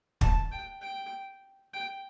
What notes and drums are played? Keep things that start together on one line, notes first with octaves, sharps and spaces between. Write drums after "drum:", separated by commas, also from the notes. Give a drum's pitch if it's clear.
A5, drum: kick
G5
G5
G5